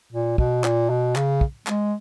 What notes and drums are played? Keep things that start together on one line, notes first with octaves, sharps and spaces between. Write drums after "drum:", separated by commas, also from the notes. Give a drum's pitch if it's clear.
A#2
B2, drum: kick
A#2, drum: clap
B2
C#3, drum: clap
drum: kick
G#3, drum: clap